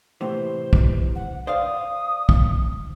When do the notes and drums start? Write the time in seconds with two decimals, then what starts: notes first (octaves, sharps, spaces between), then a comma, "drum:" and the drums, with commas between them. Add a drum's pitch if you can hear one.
0.21 A2 C3 E3 C5
0.73 drum: kick
1.15 F#5
1.47 C5 D5 F5 D#6
2.29 drum: kick